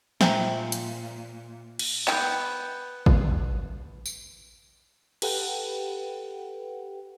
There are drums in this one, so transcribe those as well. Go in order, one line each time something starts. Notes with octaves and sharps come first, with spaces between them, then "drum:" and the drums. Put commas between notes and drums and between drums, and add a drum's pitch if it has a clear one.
A#2 C5 E5 G5 G#5 A#5, drum: snare
drum: hi-hat
drum: cymbal
B3 G5, drum: clap
drum: kick G#1
drum: tambourine
G4 A4 B4 F#5 G5, drum: cymbal